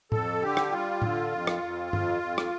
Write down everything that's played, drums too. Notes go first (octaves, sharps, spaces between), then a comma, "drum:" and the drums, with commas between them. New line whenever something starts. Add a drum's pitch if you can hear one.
F2 A4, drum: tom A2
D3 G4
drum: rim click
G3 F4
D3, drum: tom A2
F2
drum: rim click
F2
F2, drum: tom G2
F2
drum: rim click